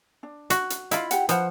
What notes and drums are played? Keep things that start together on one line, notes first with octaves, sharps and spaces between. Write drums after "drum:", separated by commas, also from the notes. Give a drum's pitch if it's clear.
D4
F#4, drum: hi-hat
drum: hi-hat
E4 F4 D#5 F5 B5, drum: hi-hat
G4 F#5, drum: hi-hat
F3 B4 C5 F#5, drum: hi-hat